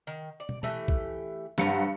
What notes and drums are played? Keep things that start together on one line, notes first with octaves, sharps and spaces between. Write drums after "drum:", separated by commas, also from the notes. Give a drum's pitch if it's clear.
D#3
D5
drum: tom
E3 A3 G4, drum: tom
drum: kick A#1
G2 F#3 C5 A#5 C#7, drum: snare